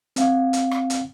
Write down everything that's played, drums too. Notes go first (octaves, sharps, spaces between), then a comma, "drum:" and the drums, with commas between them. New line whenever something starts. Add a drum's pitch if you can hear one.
C4 F5 F#5, drum: hi-hat
drum: hi-hat
drum: rim click
drum: hi-hat